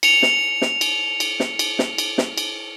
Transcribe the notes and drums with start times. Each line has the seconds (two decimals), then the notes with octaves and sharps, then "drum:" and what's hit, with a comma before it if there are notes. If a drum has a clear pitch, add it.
0.03 C#7 F7, drum: cymbal
0.22 drum: snare
0.62 drum: snare
0.81 drum: cymbal
1.20 drum: cymbal
1.40 drum: snare
1.59 drum: cymbal
1.79 drum: snare
1.98 drum: cymbal
2.18 drum: snare
2.38 drum: cymbal